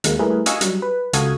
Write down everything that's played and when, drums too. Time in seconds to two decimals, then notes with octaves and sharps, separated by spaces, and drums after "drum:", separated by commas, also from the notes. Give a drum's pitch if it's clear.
0.04 D#2 G#3 A#3, drum: hi-hat
0.19 G3 A3 E4 G#4 A#4 B4
0.46 D#5 F5 G#5 C#6 D#6 E6, drum: hi-hat
0.61 F#3 G3, drum: hi-hat
0.82 B4
1.13 C#2 F#4 A4 F5 D#6 G#6, drum: hi-hat